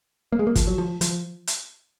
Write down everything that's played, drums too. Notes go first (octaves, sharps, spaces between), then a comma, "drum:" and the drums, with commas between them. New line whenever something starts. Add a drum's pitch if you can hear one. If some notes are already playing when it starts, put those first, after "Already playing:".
A#3
G#3
A#3
F3, drum: kick G#1, hi-hat
F#3
F3
F3, drum: hi-hat
drum: hi-hat